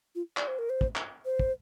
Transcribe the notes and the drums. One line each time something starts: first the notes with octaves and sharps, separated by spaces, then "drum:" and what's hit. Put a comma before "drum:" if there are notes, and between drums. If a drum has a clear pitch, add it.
F4
D5, drum: clap
C5
A#4
C5
drum: kick
drum: clap
C5
drum: kick